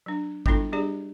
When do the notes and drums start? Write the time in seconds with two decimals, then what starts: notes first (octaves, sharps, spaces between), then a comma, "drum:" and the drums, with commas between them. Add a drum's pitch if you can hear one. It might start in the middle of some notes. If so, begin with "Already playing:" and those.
0.06 F#3 D4
0.46 G3 B3 D4 E4 F4 A4, drum: kick
0.73 G3 D4 G4 G#4 D5